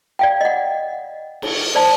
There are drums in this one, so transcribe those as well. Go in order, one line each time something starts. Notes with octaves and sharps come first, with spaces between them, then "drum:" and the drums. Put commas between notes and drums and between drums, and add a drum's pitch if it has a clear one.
D5 F5 G5
D#5 F#5
drum: cymbal
C5 D5 A5